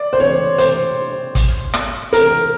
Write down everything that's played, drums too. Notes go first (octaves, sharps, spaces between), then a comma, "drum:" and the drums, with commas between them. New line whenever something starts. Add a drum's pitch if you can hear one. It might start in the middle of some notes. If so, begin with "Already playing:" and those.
Already playing: D5
C5
C#5
C5, drum: hi-hat
drum: kick, hi-hat
drum: rim click
A#4, drum: hi-hat